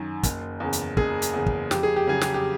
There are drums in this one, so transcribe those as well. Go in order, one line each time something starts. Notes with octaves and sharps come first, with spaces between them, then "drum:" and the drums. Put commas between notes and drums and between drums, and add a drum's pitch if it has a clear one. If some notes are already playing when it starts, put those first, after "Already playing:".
Already playing: F#2 D#3
F#1, drum: kick, hi-hat
E2 C#3
drum: hi-hat
F#1 G#4, drum: kick
drum: hi-hat
E2 C#3
drum: kick
F2 G4, drum: snare
G#4
G4
C#3 F#3 G#4
G4, drum: snare
G4